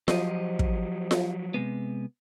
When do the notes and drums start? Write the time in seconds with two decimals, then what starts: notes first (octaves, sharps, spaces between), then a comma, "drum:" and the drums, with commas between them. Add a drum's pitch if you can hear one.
0.08 F3 F#3 G4 C5 D#5, drum: snare F4
0.59 drum: kick
1.11 drum: snare F4
1.54 C3 G#3 B3